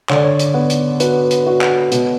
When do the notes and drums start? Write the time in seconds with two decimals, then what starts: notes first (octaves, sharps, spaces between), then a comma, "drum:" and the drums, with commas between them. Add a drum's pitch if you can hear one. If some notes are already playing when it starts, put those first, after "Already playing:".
0.10 D3 C#5, drum: clap
0.16 D5
0.24 C#5
0.39 drum: hi-hat
0.54 B3
0.70 drum: hi-hat
1.00 F#4 B4, drum: hi-hat
1.31 drum: hi-hat
1.47 F#4
1.61 drum: clap
1.92 B2, drum: hi-hat